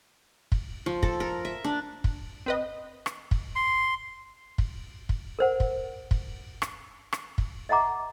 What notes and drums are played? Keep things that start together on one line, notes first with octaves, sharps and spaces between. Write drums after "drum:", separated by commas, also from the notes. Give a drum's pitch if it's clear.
drum: kick
F3
A4, drum: kick
A#4
E5
D4
drum: kick
C4 B4 D#5
drum: rim click
drum: kick
C6
drum: kick
drum: kick
A#4 C5 F#5
drum: kick
drum: kick
drum: rim click
drum: rim click
drum: kick
D#5 E5 F#5 A#5 D6